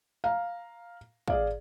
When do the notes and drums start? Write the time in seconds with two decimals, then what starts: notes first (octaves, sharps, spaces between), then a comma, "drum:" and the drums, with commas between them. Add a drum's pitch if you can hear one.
0.24 F5 A#5
1.28 G#4 D5 F5, drum: kick